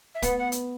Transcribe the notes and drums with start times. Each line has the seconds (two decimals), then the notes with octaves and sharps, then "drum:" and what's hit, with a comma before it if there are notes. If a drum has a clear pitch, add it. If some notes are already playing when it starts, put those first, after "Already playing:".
0.14 E5
0.22 B3 F#5, drum: kick D1, hi-hat
0.37 F#5
0.52 drum: hi-hat